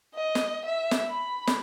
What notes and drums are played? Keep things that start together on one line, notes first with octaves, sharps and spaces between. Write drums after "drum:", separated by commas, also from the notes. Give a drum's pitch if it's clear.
D#5
drum: snare
E5
drum: snare
B5
drum: snare